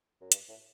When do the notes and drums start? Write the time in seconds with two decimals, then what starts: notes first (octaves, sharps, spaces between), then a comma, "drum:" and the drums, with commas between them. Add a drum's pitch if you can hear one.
0.21 F#2
0.32 G2, drum: hi-hat
0.49 A2